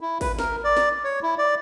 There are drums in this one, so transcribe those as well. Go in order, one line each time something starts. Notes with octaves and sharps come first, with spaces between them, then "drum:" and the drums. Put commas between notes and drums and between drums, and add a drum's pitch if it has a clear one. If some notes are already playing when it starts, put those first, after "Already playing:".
E4
B4, drum: kick G#1, open hi-hat
A#4, drum: snare
D5
drum: snare
C#5
E4
D5